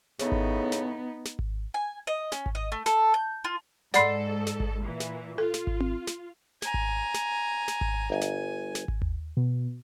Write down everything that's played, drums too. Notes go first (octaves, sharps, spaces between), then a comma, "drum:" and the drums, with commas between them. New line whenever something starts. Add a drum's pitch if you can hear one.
A2 C#3 B3 D#4, drum: snare
drum: kick G#1
drum: snare
drum: snare
drum: kick G#1
G#5
D#5
C#4, drum: snare
drum: kick G#1
D#5
A3
A4, drum: snare
G6
F4
G#2 A4 D5 F#5 B5 C6 C7, drum: snare
drum: snare
drum: kick G#1
A#2 E3
drum: snare
F4 A4
drum: snare
drum: kick G#1
drum: tom C4
drum: snare
G#5 A#5, drum: snare
drum: kick G#1
drum: snare
drum: snare
drum: kick G#1
G1 G#5
drum: snare
drum: snare
drum: kick G#1
drum: tom D#2
B2